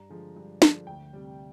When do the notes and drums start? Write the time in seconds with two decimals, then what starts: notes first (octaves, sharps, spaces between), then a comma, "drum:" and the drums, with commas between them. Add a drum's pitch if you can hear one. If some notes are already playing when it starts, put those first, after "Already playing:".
Already playing: G2 A#5
0.10 D3 F3 G#3
0.36 G2
0.62 D3 F3 G#3, drum: snare
0.87 D2 G5
1.13 C3 G3